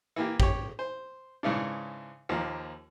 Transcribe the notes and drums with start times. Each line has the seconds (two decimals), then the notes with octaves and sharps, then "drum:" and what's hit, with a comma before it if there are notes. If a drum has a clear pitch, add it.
0.16 E3 A#3 G4
0.40 G4 C#5, drum: kick A1
0.79 C5
1.43 G#2 C#3 E3 D4
2.29 D#2 F3 A#3